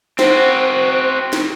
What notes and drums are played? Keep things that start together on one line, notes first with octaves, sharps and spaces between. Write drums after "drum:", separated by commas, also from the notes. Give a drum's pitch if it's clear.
C4 F#4 C5, drum: snare
drum: snare